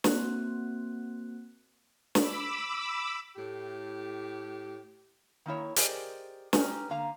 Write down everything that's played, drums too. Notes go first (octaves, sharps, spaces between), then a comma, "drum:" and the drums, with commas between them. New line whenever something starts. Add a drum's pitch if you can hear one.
A#3 C4 F#4 F#6, drum: snare
B5 D6 E6, drum: snare
A2 G4
D#3 A#3 E4 C#5
G4 G#4 A#4 C5 D5 D#5, drum: hi-hat
C#4 D#4 G4 B4 A#5, drum: snare
D3 A#3 F5 A#5